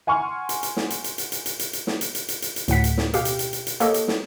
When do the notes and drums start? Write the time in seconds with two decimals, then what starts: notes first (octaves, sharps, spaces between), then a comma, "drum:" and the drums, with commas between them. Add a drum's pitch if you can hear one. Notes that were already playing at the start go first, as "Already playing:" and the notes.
0.07 F#5 G#5 C6 C#6 F6
0.49 drum: hi-hat
0.63 drum: hi-hat
0.77 drum: snare
0.90 drum: hi-hat
1.04 drum: hi-hat
1.18 drum: hi-hat
1.32 drum: hi-hat
1.46 drum: hi-hat
1.59 drum: hi-hat
1.73 drum: hi-hat
1.87 drum: snare
2.01 drum: hi-hat
2.15 drum: hi-hat
2.28 drum: hi-hat
2.42 drum: hi-hat
2.56 drum: hi-hat
2.68 D2 A2 F#5 B6, drum: hi-hat
2.84 drum: hi-hat
2.98 drum: snare
3.13 B2 G4 F5 G5, drum: hi-hat
3.25 drum: hi-hat
3.39 drum: hi-hat
3.53 drum: hi-hat
3.67 drum: hi-hat
3.80 A#3 G4 A4 C#5 D#5, drum: hi-hat
3.94 drum: hi-hat
4.08 drum: snare